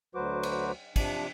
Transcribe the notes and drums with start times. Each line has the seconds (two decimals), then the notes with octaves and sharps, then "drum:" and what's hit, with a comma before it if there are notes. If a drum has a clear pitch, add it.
0.15 D2 F#3 F#4 B4 C5 D6
0.43 drum: cymbal
0.96 C3 F3 D4, drum: kick, cymbal